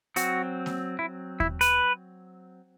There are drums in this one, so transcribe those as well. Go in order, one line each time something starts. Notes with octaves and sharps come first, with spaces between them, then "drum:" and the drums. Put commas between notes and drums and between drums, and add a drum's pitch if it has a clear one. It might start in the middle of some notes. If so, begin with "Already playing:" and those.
F#3 C4 F#4, drum: hi-hat
drum: snare A#3
E4
E4, drum: kick D#2
B4, drum: hi-hat